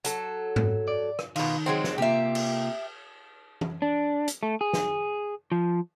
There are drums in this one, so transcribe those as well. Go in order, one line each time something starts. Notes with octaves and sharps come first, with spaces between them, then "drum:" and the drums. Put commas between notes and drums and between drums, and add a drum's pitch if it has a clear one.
F#3 A4, drum: hi-hat
drum: tom G#2
D5
drum: rim click
B2 D#3 F4, drum: cymbal
F#3 G#3 C4
drum: snare
C3 A#3 F4 G4 E5
drum: cymbal
drum: tom E3
D4
drum: hi-hat
A3
G#4
drum: snare
F3